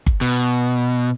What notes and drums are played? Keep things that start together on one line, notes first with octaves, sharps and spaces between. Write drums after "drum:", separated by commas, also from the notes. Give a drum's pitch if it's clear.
drum: kick G1
B2